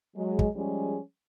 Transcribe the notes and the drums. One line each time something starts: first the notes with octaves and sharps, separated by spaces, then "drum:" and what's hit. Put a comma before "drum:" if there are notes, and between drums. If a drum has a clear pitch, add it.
F#3 G#3
drum: kick
F3 G3 G#3 C#4 G#4